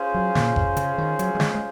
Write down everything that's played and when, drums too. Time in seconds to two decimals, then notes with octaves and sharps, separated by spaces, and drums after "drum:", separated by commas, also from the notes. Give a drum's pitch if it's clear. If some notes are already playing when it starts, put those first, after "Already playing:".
Already playing: C#4 F4 G#4 C5 F5
0.14 F#3
0.35 A#2, drum: snare
0.56 drum: kick F#1
0.77 C#3, drum: hi-hat
0.98 D#3
1.19 F#3, drum: hi-hat
1.35 F#3
1.40 G#3, drum: snare
1.55 G#3